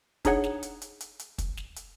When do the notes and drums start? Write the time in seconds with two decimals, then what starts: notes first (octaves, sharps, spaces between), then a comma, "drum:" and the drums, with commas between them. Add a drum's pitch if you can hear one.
0.25 D4 D#4 G#4 C#5 F#5, drum: kick, hi-hat
0.44 drum: snare
0.63 drum: hi-hat
0.82 drum: hi-hat
1.00 drum: hi-hat
1.19 drum: hi-hat
1.38 drum: kick, hi-hat
1.57 drum: snare
1.76 drum: hi-hat